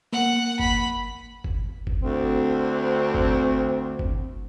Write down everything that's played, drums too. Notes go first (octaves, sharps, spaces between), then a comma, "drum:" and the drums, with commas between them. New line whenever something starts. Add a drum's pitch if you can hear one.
A#3 F#5
B5, drum: kick G1
drum: kick G1
drum: kick G1
D2 C4
drum: kick G1
drum: kick G1